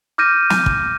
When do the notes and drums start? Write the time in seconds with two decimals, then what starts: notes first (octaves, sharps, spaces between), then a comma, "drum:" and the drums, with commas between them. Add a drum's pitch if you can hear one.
0.18 D6 F6 G6 A#6 D#7
0.50 drum: snare
0.66 drum: kick